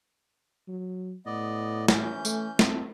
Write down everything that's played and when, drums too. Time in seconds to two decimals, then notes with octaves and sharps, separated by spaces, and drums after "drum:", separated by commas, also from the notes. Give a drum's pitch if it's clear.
0.68 F#3
1.26 A2 B3 D5 D#5
1.88 E3 C#4 G6, drum: snare
2.25 A3, drum: tambourine
2.59 F2 C4 A4, drum: snare